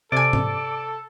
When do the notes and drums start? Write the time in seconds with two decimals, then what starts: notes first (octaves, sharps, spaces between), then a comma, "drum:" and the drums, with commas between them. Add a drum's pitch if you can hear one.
0.12 C3 A4 D5 G#5
0.33 drum: tom G#2